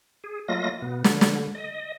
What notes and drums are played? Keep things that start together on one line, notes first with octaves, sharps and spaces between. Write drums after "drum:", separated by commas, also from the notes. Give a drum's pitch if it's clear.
G#4
F#3 A3 A#3 F4 D#5 A#6
B2 B3
D3, drum: snare
drum: snare
D#5